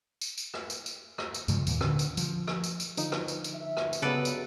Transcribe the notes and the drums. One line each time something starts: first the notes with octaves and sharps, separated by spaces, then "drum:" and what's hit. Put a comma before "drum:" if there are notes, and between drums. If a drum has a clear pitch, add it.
drum: tambourine
drum: tambourine
drum: rim click
drum: tambourine
drum: tambourine
drum: rim click
drum: tambourine
G2 C#3 F3 G#3, drum: tambourine
D#2 A#2, drum: tambourine
D3 C#4, drum: rim click
drum: tambourine
F3, drum: tambourine
drum: rim click
drum: tambourine
drum: tambourine
D3 F3 D#4, drum: tambourine
drum: rim click
drum: tambourine
drum: tambourine
E5
drum: rim click
drum: tambourine
C#2 G2 C#3 F#3 B3 A4 B4 D5
drum: tambourine